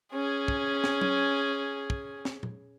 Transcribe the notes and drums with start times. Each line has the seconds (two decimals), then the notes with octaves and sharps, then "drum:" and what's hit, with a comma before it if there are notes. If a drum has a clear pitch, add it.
0.13 C#4 G#4
0.48 drum: kick
0.84 drum: snare
1.01 drum: tom
1.90 drum: kick
2.25 drum: snare
2.43 drum: tom A#2